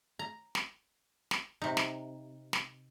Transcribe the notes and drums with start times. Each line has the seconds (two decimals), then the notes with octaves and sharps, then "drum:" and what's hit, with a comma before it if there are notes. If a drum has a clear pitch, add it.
0.19 A#5
0.55 drum: snare
1.31 drum: snare
1.62 C3 D#4
1.77 drum: snare
2.53 drum: snare